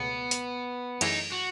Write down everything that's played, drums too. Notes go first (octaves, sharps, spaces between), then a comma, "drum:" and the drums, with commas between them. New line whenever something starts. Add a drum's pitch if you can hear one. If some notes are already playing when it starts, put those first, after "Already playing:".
Already playing: C#2 B2 A3 B3
drum: hi-hat
F#2 E3 A3 D#4 E4 G#4, drum: cymbal
F#4